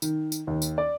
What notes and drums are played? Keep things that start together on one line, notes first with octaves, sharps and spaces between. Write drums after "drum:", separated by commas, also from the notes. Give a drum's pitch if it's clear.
D#3, drum: tambourine
drum: tambourine
D#2
drum: tambourine
D5